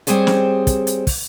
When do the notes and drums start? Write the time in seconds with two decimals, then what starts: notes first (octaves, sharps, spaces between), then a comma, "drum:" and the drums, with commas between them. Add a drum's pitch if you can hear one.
0.07 G3 C4 G#4 C5 C#5, drum: hi-hat
0.27 drum: snare
0.67 drum: kick, hi-hat
0.87 drum: hi-hat
1.07 drum: kick, open hi-hat